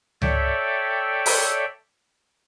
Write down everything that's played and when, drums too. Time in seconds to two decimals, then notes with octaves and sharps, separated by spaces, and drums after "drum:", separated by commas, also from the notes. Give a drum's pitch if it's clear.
0.22 A4 C#5 D5 E5 G5, drum: tom C#2
1.26 drum: open hi-hat